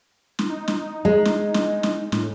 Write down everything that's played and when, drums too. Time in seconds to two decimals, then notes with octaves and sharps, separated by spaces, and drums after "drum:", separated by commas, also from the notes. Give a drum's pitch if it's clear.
0.39 drum: snare
0.50 D#4
0.68 drum: snare
1.05 G#3
1.25 drum: snare
1.54 drum: snare
1.83 drum: snare
2.12 A2, drum: snare